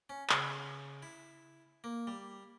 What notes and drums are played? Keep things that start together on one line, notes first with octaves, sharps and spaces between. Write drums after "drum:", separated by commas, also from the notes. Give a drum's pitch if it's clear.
C#4
C#3, drum: clap
E4
A#3
G3